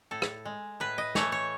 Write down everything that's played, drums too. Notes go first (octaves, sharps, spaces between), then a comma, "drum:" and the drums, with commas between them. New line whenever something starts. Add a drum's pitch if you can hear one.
A2 A4
drum: rim click
G#3
A2 B4
D#5
E3 A3 C#5, drum: snare
C#5